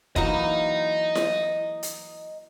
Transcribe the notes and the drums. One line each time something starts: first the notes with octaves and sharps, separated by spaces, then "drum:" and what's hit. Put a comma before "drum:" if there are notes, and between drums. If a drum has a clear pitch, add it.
E3 F#3 A#3 D#5 A#5, drum: kick
drum: snare E4
drum: hi-hat